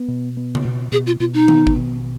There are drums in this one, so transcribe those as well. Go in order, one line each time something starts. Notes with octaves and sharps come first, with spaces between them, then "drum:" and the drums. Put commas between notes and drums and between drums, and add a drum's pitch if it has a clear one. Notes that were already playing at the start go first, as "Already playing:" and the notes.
Already playing: B3
B2
B3
drum: tom C#3
B2
B2 G#4
F4
B2 F4
D#4
B3, drum: tom D#3
drum: kick
B2